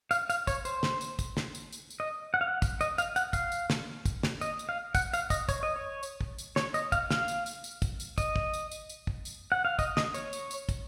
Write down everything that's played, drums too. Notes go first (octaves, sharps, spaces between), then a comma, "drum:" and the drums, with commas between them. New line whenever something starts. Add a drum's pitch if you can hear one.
F5, drum: tambourine
F5, drum: tambourine
C#5, drum: kick, tambourine
C5, drum: tambourine
drum: snare
drum: tambourine
drum: kick, tambourine
drum: snare
drum: tambourine
drum: tambourine
drum: tambourine
D#5
F#5
F5
F#5
drum: kick, tambourine
D#5, drum: tambourine
F5, drum: tambourine
F#5, drum: tambourine
F5, drum: kick, tambourine
drum: tambourine
drum: snare
drum: kick, tambourine
drum: snare
D#5, drum: tambourine
drum: tambourine
F5
F#5, drum: kick, tambourine
F5, drum: tambourine
D#5, drum: kick, tambourine
C#5, drum: kick, tambourine
D#5
C#5
drum: tambourine
drum: kick
drum: tambourine
C#5, drum: snare
D#5, drum: tambourine
F5, drum: kick, tambourine
F5, drum: snare
drum: tambourine
drum: tambourine
drum: tambourine
drum: kick, tambourine
drum: tambourine
D#5, drum: kick, tambourine
drum: kick
drum: tambourine
drum: tambourine
drum: tambourine
drum: kick
drum: tambourine
F#5
F5
D#5, drum: kick, tambourine
D#5, drum: snare
C#5, drum: tambourine
drum: tambourine
drum: tambourine
drum: kick, tambourine